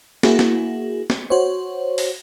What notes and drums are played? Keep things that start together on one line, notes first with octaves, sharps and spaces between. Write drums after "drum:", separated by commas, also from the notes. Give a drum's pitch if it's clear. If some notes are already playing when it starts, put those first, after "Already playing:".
A#3 E4 F#4 G#4, drum: snare
drum: snare
drum: snare
F#4 C5 C#5
drum: open hi-hat